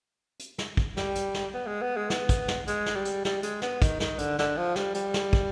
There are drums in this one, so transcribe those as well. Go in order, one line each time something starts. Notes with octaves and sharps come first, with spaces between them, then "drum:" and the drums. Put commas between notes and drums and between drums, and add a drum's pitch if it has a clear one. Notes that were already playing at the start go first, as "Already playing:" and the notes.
drum: hi-hat
drum: snare
drum: kick
G3, drum: snare
drum: hi-hat
drum: snare
B3
G#3
B3
G#3
B3, drum: snare
drum: kick, hi-hat
drum: snare
G#3, drum: hi-hat
drum: snare
G3
drum: hi-hat
G3, drum: snare
G#3, drum: hi-hat
B3, drum: snare
D#3, drum: kick, hi-hat
D#3, drum: snare
D3, drum: hi-hat
D3, drum: snare
F3
G3, drum: snare
G3, drum: hi-hat
drum: snare
drum: kick